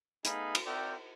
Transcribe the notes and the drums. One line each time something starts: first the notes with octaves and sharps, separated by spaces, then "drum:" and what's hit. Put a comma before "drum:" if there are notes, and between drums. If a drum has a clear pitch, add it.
A3 B3 D#4 G#4 F5 B5, drum: hi-hat
drum: cymbal
C4 F#4 A#4 D5 E5 G5